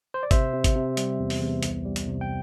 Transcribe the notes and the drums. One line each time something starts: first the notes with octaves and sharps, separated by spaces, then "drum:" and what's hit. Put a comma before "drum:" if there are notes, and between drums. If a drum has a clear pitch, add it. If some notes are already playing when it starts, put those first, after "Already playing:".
C5
D5
C3 C5 E5, drum: kick G#1, hi-hat
C3
drum: kick G#1, hi-hat
C3
G3, drum: hi-hat
E2
drum: open hi-hat
E2
C2, drum: hi-hat
G3
drum: hi-hat
C3
G5